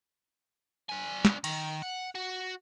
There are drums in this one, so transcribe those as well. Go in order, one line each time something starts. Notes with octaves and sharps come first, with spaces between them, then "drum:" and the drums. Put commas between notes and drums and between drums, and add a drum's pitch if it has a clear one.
D4 G#5
drum: snare
D#3, drum: cymbal
F#5
F#4